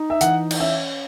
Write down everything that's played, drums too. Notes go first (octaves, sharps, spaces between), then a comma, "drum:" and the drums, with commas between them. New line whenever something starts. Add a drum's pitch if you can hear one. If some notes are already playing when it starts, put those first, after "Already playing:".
Already playing: D#4
E5
E3 F#5, drum: hi-hat
drum: cymbal
C#4 E5